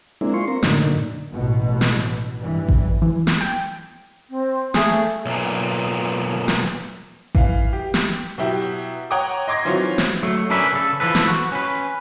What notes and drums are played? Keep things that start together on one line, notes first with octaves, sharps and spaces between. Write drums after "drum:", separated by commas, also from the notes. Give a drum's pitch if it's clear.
G#3 A#3 C4 D4 E4
F4 C6 C#6
C4 A#4
F#2 A2 D3 A#3 D#4, drum: snare
A#2 D3
A1 B2
drum: snare
G2 E3
drum: kick A1
E3
drum: snare
G5
C4
A3 G#4, drum: snare
B1 A#2
drum: snare
E3 F5, drum: kick A1
G4
drum: snare
B2 F#3 E4 G4
C#5 F#5 G5 A#5 D6 D#6
D#5 C6 D6 G#6 A#6
D#3 E3 F#3 C4 F4 C#5
drum: snare
F#3 A3
C#4 D4 A#4 B4 E5
C#3 A4
E3 F3 A4 B4
drum: snare
F#4
C#4 B4